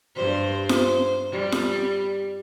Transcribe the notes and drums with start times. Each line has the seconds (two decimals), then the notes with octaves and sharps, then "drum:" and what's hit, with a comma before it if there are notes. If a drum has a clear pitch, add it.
0.16 G2 C5
0.69 C5, drum: snare F4
1.32 G3
1.52 drum: snare F4